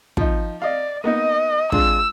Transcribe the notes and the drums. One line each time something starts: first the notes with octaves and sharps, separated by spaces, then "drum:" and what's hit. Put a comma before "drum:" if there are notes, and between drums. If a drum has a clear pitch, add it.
F3 D#4, drum: kick
D5 D#5 F5
A#3 B3 D#4 D#5
G#3 D4 F4 E6, drum: kick